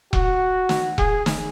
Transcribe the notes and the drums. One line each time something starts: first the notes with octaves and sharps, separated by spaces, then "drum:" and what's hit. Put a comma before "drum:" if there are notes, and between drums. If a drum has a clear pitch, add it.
F#4, drum: kick E1
drum: snare
G#4, drum: kick E1
drum: snare